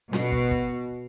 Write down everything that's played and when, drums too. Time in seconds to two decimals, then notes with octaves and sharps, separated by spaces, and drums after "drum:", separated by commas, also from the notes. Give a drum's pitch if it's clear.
0.13 B2, drum: snare
0.32 drum: kick
0.51 drum: kick